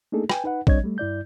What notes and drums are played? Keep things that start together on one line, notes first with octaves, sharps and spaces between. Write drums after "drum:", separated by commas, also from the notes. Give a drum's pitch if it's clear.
A3 A#3 D4 D#4 G#4 A4
B4 G5 G#5, drum: rim click
D#4 B4 F#5
G3 C4 D4 C#5 D#5 G#6, drum: kick
G3 A3
G2 E4 D5 G6